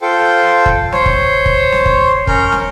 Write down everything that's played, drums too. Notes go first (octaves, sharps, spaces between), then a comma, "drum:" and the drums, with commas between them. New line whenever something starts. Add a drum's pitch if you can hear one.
F4 A4 C5 G5
drum: kick
C5 C#5, drum: snare
drum: kick
drum: kick
drum: snare
drum: kick
C#4 A#4 C#5 F6 G6, drum: kick
drum: snare